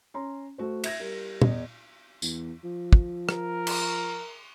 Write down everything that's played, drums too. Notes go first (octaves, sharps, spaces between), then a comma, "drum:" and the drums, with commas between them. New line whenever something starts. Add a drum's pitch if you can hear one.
C#4 A#5 C6
A3 F#4 C5
E5 G#6 A#6, drum: cymbal
G3 A#4
E2 D#5, drum: tom
E2, drum: tambourine
F3
drum: kick
A#4, drum: rim click
drum: cymbal